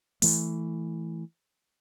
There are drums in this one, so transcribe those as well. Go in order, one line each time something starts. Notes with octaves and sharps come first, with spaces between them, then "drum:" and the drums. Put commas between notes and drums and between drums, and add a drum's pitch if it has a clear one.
E3 A3, drum: open hi-hat